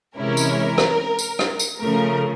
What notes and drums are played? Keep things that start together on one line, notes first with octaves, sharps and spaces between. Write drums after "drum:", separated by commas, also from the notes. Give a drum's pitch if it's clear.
C3 E3 G#3 C#4 E4 A#4
drum: tambourine
drum: rim click
drum: tambourine
drum: rim click
drum: tambourine
C#3 F3 A3 A#4